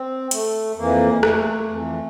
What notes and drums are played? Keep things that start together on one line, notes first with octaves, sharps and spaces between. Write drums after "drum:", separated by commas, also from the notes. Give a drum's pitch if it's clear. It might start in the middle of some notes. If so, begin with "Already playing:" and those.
Already playing: C4
A3, drum: hi-hat
F2 E3 A#3
A3, drum: rim click
F2 E3